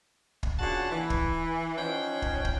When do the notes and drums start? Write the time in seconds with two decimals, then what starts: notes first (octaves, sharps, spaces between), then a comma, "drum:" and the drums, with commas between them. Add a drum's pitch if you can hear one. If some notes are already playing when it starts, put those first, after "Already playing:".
0.43 drum: kick
0.59 A#2 C#3 D4 F#4 F#5 A5
0.91 E3
1.10 drum: kick
1.77 F3 C#4 D#4 C#5 F#5 G5
2.22 drum: kick
2.45 drum: kick